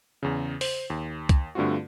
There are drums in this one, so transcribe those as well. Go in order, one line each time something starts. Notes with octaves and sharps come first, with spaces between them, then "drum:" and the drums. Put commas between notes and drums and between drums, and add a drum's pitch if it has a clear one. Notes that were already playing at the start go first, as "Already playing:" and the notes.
E2 C#3
C5, drum: open hi-hat
D#2
drum: kick C2, hi-hat
G2 D3 A3 C4 F4 F#4